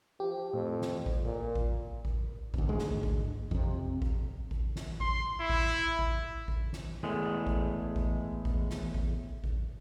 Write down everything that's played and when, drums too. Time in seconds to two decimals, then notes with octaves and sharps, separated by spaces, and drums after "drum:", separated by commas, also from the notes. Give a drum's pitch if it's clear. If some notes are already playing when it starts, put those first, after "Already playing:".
0.20 F3 G4
0.53 F2 A2
0.82 drum: snare
1.06 drum: kick A1
1.24 A#2
1.55 drum: kick A1
2.05 drum: kick A1
2.54 G1 D2, drum: kick A1
2.69 D2 G#2 G#3
2.79 drum: snare
3.03 drum: kick A1
3.51 F2 C3, drum: kick A1
4.02 drum: kick A1
4.51 drum: kick A1
4.76 drum: snare
5.00 C6, drum: kick A1
5.40 E4
5.50 drum: kick A1
5.99 drum: kick A1
6.48 drum: kick A1
6.73 drum: snare
7.03 E2 A2 G#3
7.47 drum: kick A1
7.96 drum: kick A1
8.45 drum: kick A1
8.70 drum: snare
8.94 drum: kick A1
9.44 drum: kick A1